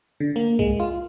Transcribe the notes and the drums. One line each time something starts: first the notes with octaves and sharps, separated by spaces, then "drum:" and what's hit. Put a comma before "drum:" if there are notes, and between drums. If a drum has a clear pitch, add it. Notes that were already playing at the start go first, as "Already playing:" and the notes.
D3
A#3
G#3, drum: kick C2, tambourine
F4